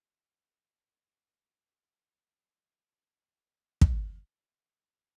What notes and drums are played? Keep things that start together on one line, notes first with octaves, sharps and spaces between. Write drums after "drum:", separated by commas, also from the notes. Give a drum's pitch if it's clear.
D#5
A#3 E4 F#5
A#3 D4 F4 F#4
D#6 A#6
A#3 G#4 A4 D#5
drum: kick